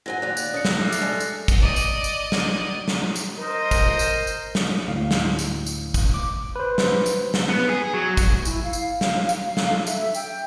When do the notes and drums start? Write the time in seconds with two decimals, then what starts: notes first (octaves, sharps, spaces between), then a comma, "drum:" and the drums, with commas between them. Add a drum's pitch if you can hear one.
0.06 G#2 F#3 G#5 A#6
0.22 D#2 D5 F#6 F7
0.37 drum: tambourine
0.54 D4 D5 D#6 C#7
0.65 drum: snare
0.81 G3 A3 D6 F#6 C7
0.93 drum: tambourine
1.02 G#3 C#7
1.20 drum: tambourine
1.48 drum: kick, tambourine
1.60 D5 D#5
1.76 drum: tambourine
2.04 drum: tambourine
2.32 drum: snare
2.88 drum: snare
3.16 drum: tambourine
3.37 A#4 C5 D#5
3.71 drum: kick, tambourine
3.99 drum: tambourine
4.27 drum: tambourine
4.55 drum: snare
4.88 D2 A2 F5
5.11 drum: snare
5.39 drum: tambourine
5.66 drum: tambourine
5.94 drum: kick, tambourine
6.14 D6
6.56 B4 C5
6.78 drum: snare
7.06 drum: tambourine
7.34 drum: snare
7.49 B3
7.69 G#4
7.94 F#3
8.17 drum: kick, tambourine
8.45 E4, drum: tambourine
8.64 F5
8.73 drum: tambourine
9.01 drum: snare
9.29 drum: tambourine
9.45 F5
9.57 drum: snare
9.70 A4
9.87 E5, drum: tambourine
10.14 G5, drum: tambourine